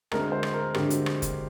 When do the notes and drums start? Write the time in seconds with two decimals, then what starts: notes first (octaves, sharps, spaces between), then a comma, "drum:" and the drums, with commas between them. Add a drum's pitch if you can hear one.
0.12 D2 D3 G#3 C4 A#4, drum: rim click
0.32 C5
0.43 drum: rim click
0.54 A#4
0.74 D2 D3 G#3 C4 G4, drum: rim click
0.90 drum: hi-hat
1.06 drum: rim click
1.22 drum: kick F#1, hi-hat